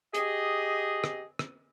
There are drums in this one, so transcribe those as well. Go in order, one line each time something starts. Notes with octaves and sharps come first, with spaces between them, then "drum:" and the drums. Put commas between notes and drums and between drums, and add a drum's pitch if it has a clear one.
G4 G#4 D#5, drum: hi-hat
drum: rim click
drum: rim click